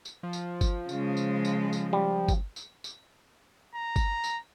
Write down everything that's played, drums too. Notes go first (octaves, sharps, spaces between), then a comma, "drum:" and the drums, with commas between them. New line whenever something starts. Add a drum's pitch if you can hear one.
drum: tambourine
F3
drum: tambourine
drum: kick G1, tambourine
C#3 G#3, drum: tambourine
drum: tambourine
drum: tambourine
drum: tambourine
G3
drum: kick G1, tambourine
drum: tambourine
drum: tambourine
A#5
drum: kick G1, tambourine
drum: tambourine